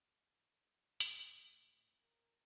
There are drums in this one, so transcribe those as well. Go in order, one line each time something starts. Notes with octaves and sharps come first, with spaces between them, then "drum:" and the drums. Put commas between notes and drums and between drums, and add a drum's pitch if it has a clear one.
drum: hi-hat
A2
A#4 A#5